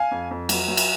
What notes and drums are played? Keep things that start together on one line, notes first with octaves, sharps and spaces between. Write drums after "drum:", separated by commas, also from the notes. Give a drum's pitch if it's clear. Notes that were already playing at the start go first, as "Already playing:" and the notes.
Already playing: F5 G#5
F2
F2
F#3, drum: cymbal
F#3
drum: cymbal